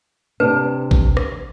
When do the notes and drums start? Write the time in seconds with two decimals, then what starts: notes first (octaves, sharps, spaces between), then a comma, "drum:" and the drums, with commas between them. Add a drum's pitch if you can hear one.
0.40 C3 D4 B4
0.91 drum: kick A1
1.17 drum: rim click